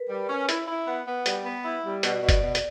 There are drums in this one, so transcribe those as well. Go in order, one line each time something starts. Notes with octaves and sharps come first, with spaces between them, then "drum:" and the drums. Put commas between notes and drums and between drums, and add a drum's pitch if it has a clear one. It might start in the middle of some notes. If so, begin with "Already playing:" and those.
Already playing: A#4 B4
G3
C#4
E4, drum: hi-hat
E4
B3
B3
G3, drum: hi-hat
B3
E4
G3
B2 D5, drum: hi-hat
B2
D5, drum: kick F#1, hi-hat
B2
drum: hi-hat